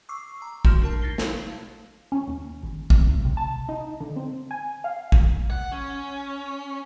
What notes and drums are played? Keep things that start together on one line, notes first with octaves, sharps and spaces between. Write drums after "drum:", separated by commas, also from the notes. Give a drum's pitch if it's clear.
C#6 D6 E6 C7
A#5
A3 F#4 C6 F6, drum: kick
D4 A#4 A5
D#4 A6 A#6 C7 G7
F5 A5, drum: snare
C#4
D#2
G#1
C3, drum: kick
C#2
C3
A5
D#4
D3
C4
G#5
F5
drum: kick
F#5
C#4